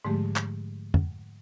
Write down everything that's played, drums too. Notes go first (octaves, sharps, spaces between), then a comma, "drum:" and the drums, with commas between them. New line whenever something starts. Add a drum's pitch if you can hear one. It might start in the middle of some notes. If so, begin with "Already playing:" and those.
G#2 D3 F3 G#3 A3 G4
drum: clap
drum: tom F2